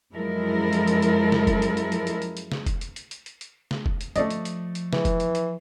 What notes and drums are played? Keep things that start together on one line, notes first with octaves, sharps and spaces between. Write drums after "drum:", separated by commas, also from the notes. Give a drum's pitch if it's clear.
F#2 F3 G#3 E4 A4 A#4
drum: hi-hat
drum: hi-hat
drum: hi-hat
drum: snare
drum: kick F1, hi-hat
drum: hi-hat
drum: hi-hat
drum: hi-hat
drum: hi-hat
drum: hi-hat
drum: hi-hat
drum: snare
drum: kick F1, hi-hat
drum: hi-hat
drum: hi-hat
drum: hi-hat
drum: hi-hat
drum: hi-hat
drum: snare
drum: kick F1
drum: hi-hat
F3 A3 D5 D#5, drum: hi-hat
drum: hi-hat
drum: hi-hat
drum: hi-hat
E3, drum: snare
drum: kick F1, hi-hat
drum: hi-hat
drum: hi-hat